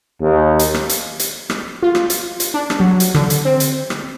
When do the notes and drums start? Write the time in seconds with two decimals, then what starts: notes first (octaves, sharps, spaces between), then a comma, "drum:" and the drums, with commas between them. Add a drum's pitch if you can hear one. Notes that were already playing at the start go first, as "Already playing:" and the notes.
0.21 D#2
0.59 drum: hi-hat
0.74 drum: rim click
0.89 drum: hi-hat
1.20 drum: hi-hat
1.50 drum: rim click
1.83 F4
1.95 drum: rim click
2.10 drum: hi-hat
2.40 drum: hi-hat
2.54 D4
2.70 drum: rim click
2.80 F#3
3.00 drum: hi-hat
3.14 D3, drum: rim click
3.30 drum: hi-hat
3.45 C4
3.60 drum: hi-hat
3.90 drum: rim click